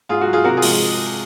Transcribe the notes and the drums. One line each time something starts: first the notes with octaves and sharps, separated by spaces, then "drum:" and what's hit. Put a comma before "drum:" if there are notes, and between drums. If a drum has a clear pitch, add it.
G#2 F4 G#4
F#4
F#3
F4 G#4
C3 F#4 A#4
F4 G#4
F3 G#3, drum: open hi-hat